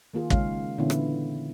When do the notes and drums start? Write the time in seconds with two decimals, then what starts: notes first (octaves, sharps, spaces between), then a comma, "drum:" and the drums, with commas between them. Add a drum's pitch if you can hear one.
0.14 D#3 A#3 F4 G#4
0.30 C#3 G#3 C#4 F5, drum: kick
0.78 A#2 D3 E3 B3 C#4 E4
0.90 drum: rim click